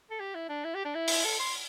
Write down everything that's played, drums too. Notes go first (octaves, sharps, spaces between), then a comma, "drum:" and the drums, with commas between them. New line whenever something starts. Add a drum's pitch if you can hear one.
A4
G4
E4
D4
E4
G4
D4
E4
drum: open hi-hat
A4
C6